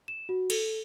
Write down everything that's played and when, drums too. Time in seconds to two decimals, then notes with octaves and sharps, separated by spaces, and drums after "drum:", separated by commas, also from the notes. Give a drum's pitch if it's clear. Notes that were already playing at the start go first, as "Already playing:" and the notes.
0.08 E7
0.29 F#4
0.50 A4, drum: cymbal